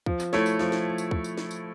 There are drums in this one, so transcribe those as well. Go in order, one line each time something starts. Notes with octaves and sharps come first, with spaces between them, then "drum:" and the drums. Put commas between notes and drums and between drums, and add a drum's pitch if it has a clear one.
F3, drum: kick
drum: tambourine
A3 E4 A4 C#5, drum: snare
drum: tambourine
F3, drum: snare
drum: snare
drum: tambourine
drum: kick
drum: tambourine
drum: snare
drum: tambourine